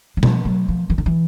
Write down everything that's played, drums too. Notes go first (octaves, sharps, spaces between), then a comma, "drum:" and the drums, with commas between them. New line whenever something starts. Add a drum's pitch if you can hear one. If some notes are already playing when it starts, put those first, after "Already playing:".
F#3
F3, drum: tom B2
F#3
F3
E3
D#3
E3